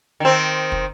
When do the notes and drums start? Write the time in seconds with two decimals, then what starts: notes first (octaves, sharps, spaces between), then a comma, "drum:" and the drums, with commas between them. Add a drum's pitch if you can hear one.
0.20 D#3 C4
0.72 drum: kick